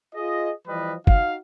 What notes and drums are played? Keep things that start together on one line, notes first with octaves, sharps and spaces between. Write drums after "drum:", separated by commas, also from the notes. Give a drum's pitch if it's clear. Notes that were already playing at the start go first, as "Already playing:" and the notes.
F4 G#4 D#5
E3 F3 G3 B4 D#5
D#4 F#4 F5, drum: kick G1